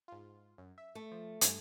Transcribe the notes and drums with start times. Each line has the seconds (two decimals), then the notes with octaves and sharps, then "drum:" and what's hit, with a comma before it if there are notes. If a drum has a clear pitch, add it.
0.08 G#2 F4
0.58 F#2
0.78 E5
0.95 A3
1.12 F3
1.41 G2 G3 G#5, drum: hi-hat